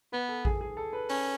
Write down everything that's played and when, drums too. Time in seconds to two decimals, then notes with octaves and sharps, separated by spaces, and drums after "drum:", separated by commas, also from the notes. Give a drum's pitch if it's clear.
0.12 B3 B4
0.28 A4
0.45 G#4, drum: kick A1
0.61 G#4
0.77 A4
0.93 B4
1.09 C#4, drum: open hi-hat